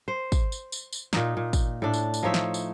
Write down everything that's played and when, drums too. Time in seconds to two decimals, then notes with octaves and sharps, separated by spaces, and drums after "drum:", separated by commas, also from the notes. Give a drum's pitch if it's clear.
0.08 C5
0.32 drum: kick, tambourine
0.52 drum: tambourine
0.72 drum: tambourine
0.93 drum: tambourine
1.13 A#2 D#4, drum: snare
1.37 A#2
1.53 drum: kick, tambourine
1.82 A2 D4
1.94 drum: tambourine
2.14 drum: tambourine
2.23 F3 D#4 C#5 E5
2.34 drum: snare
2.54 drum: tambourine